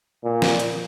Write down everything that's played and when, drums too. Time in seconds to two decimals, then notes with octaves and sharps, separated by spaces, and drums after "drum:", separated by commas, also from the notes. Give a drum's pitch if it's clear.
0.24 A#2
0.42 drum: snare
0.60 drum: hi-hat